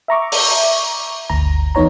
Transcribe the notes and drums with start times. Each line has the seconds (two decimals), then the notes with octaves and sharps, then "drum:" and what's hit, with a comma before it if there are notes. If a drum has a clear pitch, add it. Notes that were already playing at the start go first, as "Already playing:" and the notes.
0.08 E5 A#5 C#6 D6
0.32 drum: open hi-hat
1.30 G1 D2 A#5
1.75 E2 B3 D#4 C#5 A#5